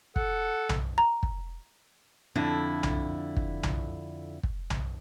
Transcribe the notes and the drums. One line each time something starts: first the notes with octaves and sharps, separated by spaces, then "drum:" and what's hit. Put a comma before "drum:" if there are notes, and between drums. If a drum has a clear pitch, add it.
A4 F#5, drum: kick
drum: tom B1
A#5
drum: kick
F2 D3 E4
drum: tom B1
drum: kick
drum: tom B1
drum: kick
drum: tom B1